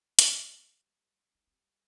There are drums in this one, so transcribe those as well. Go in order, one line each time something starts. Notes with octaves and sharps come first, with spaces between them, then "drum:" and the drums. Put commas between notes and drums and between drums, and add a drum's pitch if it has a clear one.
G3 A3, drum: hi-hat
C4
A3
D4
G3 C4